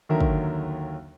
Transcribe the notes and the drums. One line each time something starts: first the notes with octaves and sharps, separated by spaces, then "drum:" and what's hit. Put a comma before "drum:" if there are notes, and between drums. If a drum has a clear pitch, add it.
D#2 D3 D#3 F#3 A#4 E5
drum: kick